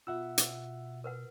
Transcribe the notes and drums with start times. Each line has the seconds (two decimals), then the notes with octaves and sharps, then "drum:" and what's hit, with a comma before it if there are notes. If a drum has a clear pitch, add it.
0.07 B2 F4 E5 F#5 E6
0.38 drum: hi-hat
1.04 A#4 B4 F#5